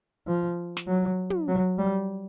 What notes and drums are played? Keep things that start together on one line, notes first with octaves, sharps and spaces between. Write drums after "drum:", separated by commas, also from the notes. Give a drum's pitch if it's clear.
F3
drum: snare
F#3
drum: tom
F#3
G3